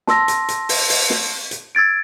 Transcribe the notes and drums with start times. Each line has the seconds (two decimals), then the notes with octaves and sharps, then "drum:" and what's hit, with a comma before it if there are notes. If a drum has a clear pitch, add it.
0.07 A5 C6 E6 A#6, drum: snare
0.28 drum: hi-hat
0.49 drum: hi-hat
0.69 drum: open hi-hat
0.90 drum: open hi-hat
1.10 drum: snare
1.51 drum: hi-hat
1.75 E6 G#6 A6 D7